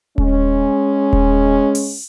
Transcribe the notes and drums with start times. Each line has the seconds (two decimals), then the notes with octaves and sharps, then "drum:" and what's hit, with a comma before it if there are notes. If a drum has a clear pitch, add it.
0.18 G#3 C#4, drum: kick D#1
1.13 drum: kick D#1
1.75 drum: open hi-hat